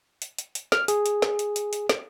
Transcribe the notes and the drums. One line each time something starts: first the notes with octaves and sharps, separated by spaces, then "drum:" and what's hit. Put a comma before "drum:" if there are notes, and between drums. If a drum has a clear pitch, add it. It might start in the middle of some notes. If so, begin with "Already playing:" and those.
drum: hi-hat
drum: hi-hat
drum: hi-hat
F6, drum: snare
G#4, drum: hi-hat
drum: hi-hat
drum: snare
drum: hi-hat
drum: hi-hat
drum: hi-hat
drum: snare